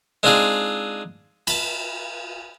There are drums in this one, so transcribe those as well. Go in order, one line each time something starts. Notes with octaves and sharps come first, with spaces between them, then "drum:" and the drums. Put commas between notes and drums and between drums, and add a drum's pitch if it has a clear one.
G#3 C4 D4 D#4 F4 G#4
A5 B5, drum: cymbal